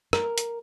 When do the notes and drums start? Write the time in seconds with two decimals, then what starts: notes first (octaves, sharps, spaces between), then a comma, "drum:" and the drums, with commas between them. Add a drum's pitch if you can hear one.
0.13 A#4, drum: rim click
0.38 drum: hi-hat